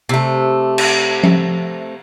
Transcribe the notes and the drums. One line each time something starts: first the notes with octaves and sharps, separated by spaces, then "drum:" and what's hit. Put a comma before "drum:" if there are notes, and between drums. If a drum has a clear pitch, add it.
C3 A3
drum: cymbal
drum: tom F3